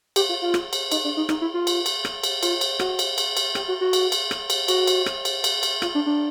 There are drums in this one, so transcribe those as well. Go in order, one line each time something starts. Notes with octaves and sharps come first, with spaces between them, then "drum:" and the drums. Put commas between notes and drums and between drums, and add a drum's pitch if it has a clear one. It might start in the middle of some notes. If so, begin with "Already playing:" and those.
G4, drum: cymbal
F4
F4
drum: rim click
drum: cymbal
D#4, drum: cymbal
D4
D#4
D#4, drum: rim click
E4
F4
drum: cymbal
drum: cymbal
drum: rim click
drum: cymbal
F4, drum: cymbal
drum: cymbal
F#4, drum: rim click
drum: cymbal
drum: cymbal
drum: cymbal
G4, drum: rim click
F#4
F#4
drum: cymbal
drum: cymbal
drum: rim click
drum: cymbal
F#4, drum: cymbal
drum: cymbal
drum: rim click
drum: cymbal
drum: cymbal
drum: cymbal
F4, drum: rim click
D4
D4